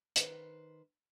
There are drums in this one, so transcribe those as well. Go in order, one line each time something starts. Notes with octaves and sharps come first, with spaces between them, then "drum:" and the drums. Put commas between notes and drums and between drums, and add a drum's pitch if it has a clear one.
D#3 B4 C5, drum: hi-hat